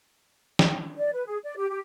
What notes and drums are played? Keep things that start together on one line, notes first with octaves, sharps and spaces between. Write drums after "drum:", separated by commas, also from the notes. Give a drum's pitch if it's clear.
drum: snare
D5
B4
G#4
D5
G4
G4